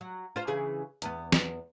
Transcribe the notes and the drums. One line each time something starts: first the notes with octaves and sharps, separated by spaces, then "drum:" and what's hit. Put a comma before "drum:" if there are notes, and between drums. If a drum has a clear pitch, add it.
F#3
F4 C5
C#3 E3 G#4
E2 B3, drum: hi-hat
drum: snare